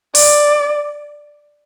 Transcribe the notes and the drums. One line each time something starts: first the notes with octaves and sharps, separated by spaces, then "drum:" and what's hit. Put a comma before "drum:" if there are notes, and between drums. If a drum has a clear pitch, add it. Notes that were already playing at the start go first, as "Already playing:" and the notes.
D5, drum: open hi-hat